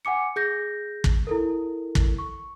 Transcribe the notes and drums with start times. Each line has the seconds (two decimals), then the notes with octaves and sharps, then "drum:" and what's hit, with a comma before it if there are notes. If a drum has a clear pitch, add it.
0.05 F#5 G#5 D6 C#7
0.36 G#4 G6 A#6
1.04 drum: kick
1.27 E4 A4 A#4
1.95 drum: kick
2.18 C#6